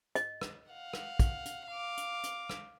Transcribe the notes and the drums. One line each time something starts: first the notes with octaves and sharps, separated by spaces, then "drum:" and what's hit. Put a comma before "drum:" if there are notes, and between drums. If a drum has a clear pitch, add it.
D#5, drum: hi-hat
drum: rim click
F5 F#5
drum: rim click
drum: kick, hi-hat
drum: hi-hat
F5 D6
drum: hi-hat
drum: hi-hat
drum: rim click